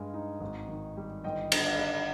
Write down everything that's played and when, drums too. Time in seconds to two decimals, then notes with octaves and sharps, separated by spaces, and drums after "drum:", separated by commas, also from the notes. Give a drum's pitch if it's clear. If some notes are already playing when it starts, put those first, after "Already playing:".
Already playing: G2 G#3 F5 G#5
0.14 D#4
0.41 G#1
0.68 D#3
0.97 G3
1.24 G1 D#5 G5
1.52 D3, drum: cymbal
1.65 D5 F5
1.79 G3